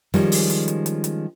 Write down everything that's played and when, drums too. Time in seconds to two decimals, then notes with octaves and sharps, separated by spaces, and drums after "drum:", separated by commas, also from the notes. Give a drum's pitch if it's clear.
0.14 D#3 F3 G3 G#3 C#4, drum: snare
0.32 drum: open hi-hat
0.50 drum: hi-hat
0.68 drum: hi-hat
0.86 drum: hi-hat
1.04 drum: hi-hat